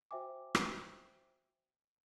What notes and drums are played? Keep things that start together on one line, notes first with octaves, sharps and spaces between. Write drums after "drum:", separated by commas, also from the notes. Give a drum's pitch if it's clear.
F#4 C5 E5 G5 G#5 D6
drum: rim click